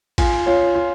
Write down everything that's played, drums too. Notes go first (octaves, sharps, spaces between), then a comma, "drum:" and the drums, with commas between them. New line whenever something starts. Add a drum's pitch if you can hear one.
F4 G#5, drum: kick A1, cymbal
F4 C#5
F4